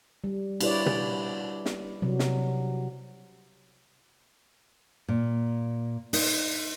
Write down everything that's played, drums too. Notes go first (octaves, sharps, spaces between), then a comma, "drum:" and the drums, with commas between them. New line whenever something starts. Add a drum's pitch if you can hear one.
G3
D4 E4 G4 B4 C#5 D5, drum: cymbal
drum: tom B2
drum: snare
C3 F#3
drum: snare
A#2
D#4, drum: open hi-hat